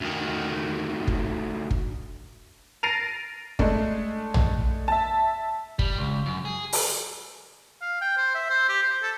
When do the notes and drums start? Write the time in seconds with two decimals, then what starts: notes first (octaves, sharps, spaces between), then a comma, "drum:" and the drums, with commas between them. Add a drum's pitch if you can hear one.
0.01 D2 D#3
1.07 drum: kick
1.70 drum: kick
2.83 A6 A#6 C7 D7 D#7 F7
3.59 G#3 A3 D4, drum: kick
4.34 drum: tom A#1
4.88 E5 A5
5.79 G3, drum: kick
5.98 C#2
6.26 F#2
6.45 G#4
6.73 drum: open hi-hat
7.81 F5
8.01 G5
8.17 C5
8.35 E5
8.50 C5
8.69 G4
8.83 C5
9.03 A4